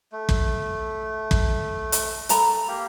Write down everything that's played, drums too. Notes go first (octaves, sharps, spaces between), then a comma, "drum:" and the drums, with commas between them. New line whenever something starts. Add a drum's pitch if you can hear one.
A3
drum: kick
drum: kick
drum: hi-hat
A4 A#5 B5, drum: hi-hat
A#3 G4